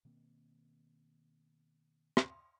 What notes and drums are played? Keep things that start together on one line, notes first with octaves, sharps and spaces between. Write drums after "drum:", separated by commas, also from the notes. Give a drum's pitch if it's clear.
B2 D#3 A#3 C4
drum: rim click